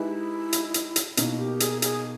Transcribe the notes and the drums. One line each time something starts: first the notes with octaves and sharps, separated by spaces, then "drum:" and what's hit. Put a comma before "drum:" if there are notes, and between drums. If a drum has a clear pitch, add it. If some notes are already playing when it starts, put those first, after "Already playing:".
Already playing: G#3 D#4 E4 G4 B4 E5
drum: hi-hat
drum: hi-hat
drum: hi-hat
B2 A#3 D#4 E4 A#4, drum: hi-hat
G4
G#4, drum: hi-hat
G#4, drum: hi-hat